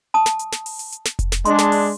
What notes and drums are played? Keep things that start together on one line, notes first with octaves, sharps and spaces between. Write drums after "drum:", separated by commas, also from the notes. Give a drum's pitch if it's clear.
A5 D#6
drum: snare
drum: hi-hat
drum: snare
drum: open hi-hat
drum: hi-hat
drum: hi-hat
drum: snare
drum: kick F1, hi-hat
drum: snare
G#3 D4 C6, drum: hi-hat
drum: snare
drum: open hi-hat